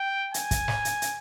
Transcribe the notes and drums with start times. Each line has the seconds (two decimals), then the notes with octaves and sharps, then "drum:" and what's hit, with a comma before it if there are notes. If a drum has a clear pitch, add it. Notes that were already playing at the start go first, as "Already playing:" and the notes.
Already playing: G5
0.34 G#5, drum: hi-hat
0.51 drum: kick, hi-hat
0.68 drum: snare
0.85 drum: hi-hat
1.02 drum: hi-hat